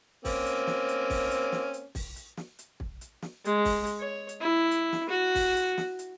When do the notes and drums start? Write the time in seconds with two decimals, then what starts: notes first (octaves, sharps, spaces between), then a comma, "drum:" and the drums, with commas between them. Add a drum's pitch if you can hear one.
0.25 A#3 C4 C#4, drum: kick, open hi-hat
0.46 drum: hi-hat
0.67 drum: snare
0.89 drum: hi-hat
1.10 drum: kick, open hi-hat
1.31 drum: hi-hat
1.52 drum: snare
1.74 drum: hi-hat
1.95 drum: kick, open hi-hat
2.16 drum: hi-hat
2.37 drum: snare
2.59 drum: hi-hat
2.80 drum: kick
3.01 drum: hi-hat
3.22 drum: snare
3.45 G#3, drum: hi-hat
3.65 drum: kick, open hi-hat
3.86 drum: hi-hat
4.00 C#5
4.29 drum: hi-hat
4.41 E4
4.71 drum: hi-hat
4.93 drum: snare
5.09 F#4
5.35 drum: kick, open hi-hat
5.56 drum: hi-hat
5.78 drum: snare
5.99 drum: hi-hat